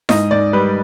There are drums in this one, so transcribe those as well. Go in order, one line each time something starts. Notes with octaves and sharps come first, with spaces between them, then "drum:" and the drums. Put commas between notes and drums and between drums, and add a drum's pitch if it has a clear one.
G#2 D#5, drum: snare E4
G#2 D5
G3 B4